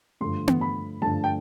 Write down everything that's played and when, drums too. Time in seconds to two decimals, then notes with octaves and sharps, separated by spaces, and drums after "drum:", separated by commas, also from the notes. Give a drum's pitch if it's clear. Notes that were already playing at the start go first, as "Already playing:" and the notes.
0.21 G2 D3 F3 A3 C6
0.48 drum: tom B3
0.61 B5
1.02 G2 D3 F3 A3 A5
1.24 G5